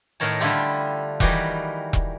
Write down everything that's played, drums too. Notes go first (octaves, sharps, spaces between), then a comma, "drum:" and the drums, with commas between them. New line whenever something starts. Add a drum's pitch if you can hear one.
A2 D#3 A#4 C#5 A5
D3 G3 A3 E4 F4 G4
D#3 E3 G3 F#4 G4, drum: kick E1
drum: kick E1